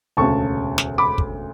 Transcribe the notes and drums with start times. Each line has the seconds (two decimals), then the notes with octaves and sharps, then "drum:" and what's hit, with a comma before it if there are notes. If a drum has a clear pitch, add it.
0.17 E1 D2 C#3 A5 C#6
0.78 drum: snare
0.98 B5 D6
1.18 drum: kick